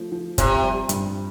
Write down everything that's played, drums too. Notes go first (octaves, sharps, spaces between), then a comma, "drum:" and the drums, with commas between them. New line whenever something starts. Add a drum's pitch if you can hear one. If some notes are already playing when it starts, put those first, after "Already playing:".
Already playing: F3 A3
F3
C3 C4, drum: kick, hi-hat
G3
G2, drum: hi-hat